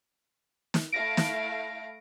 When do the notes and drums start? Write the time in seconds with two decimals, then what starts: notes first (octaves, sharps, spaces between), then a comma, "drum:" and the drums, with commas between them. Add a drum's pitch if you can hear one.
0.74 drum: snare
0.92 A3 E4 F5 A#6 D7
1.17 drum: snare